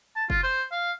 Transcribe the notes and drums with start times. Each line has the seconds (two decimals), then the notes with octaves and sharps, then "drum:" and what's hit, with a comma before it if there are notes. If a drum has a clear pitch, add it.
0.16 A5
0.30 F4, drum: kick
0.43 C5
0.72 F5